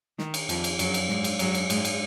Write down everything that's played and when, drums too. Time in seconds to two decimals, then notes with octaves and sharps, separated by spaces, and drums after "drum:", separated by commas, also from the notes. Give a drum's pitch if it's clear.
0.19 D#3, drum: snare
0.34 drum: cymbal
0.49 F2 F3, drum: cymbal
0.64 drum: cymbal
0.79 F#2 F#3, drum: cymbal
0.94 drum: cymbal
1.09 G#2 G#3, drum: snare
1.24 drum: cymbal
1.39 F#2 F#3, drum: cymbal
1.55 drum: cymbal
1.70 G#2 G#3, drum: cymbal
1.85 drum: cymbal